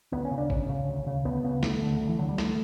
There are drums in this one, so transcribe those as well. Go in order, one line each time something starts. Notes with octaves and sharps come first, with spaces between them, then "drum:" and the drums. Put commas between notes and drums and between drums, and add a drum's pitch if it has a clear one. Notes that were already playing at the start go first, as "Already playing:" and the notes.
D2 B3
C#4
C#3
D4
D2 C#4, drum: kick
C#3
D2
C#3
D2 B3
C#3 B3
D2 A3, drum: snare
D3
D2
E3
D3 F#3
G3
D2 A3, drum: snare